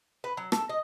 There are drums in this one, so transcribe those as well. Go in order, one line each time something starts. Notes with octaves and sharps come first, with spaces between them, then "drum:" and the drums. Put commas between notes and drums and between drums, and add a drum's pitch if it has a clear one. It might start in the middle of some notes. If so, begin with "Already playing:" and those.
B4
F#3
A4, drum: rim click
D#5